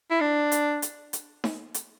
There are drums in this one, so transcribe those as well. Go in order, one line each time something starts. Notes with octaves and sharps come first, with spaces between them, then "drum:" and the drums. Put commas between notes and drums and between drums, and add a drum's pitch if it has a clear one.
E4
D4
drum: hi-hat
drum: hi-hat
drum: hi-hat
drum: snare D#4
drum: hi-hat